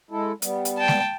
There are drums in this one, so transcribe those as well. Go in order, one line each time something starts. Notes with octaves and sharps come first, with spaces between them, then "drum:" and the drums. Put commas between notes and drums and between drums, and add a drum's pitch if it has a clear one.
G#3 E4 A4
G3 B3, drum: hi-hat
drum: hi-hat
G5 A5
drum: snare G#3